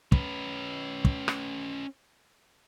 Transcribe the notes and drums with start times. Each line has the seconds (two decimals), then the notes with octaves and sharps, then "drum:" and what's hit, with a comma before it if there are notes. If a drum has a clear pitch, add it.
0.12 C#4 B4, drum: kick
1.05 drum: kick
1.28 drum: rim click